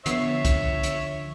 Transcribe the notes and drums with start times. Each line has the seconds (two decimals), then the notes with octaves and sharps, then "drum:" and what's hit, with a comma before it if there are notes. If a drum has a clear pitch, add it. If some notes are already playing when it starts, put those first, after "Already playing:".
0.06 D3 F3 B3 C#5 E5 C7, drum: hi-hat
0.45 drum: kick C2, hi-hat
0.83 drum: hi-hat